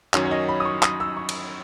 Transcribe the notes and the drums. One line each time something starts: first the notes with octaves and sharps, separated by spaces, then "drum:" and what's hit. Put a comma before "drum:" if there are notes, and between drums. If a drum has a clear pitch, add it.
F#2 D#3 F#3 C#4 C#5, drum: clap
C#5
D#5
B5
D#6
C#6
D#6, drum: clap
E6
C#6
drum: cymbal